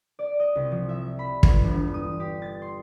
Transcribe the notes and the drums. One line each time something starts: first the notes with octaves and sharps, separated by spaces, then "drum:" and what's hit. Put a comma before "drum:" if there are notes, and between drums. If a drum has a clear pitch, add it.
D5
D#5
C2
F3
E5
B5
G1, drum: kick
E1
D#6
G4
A6
C6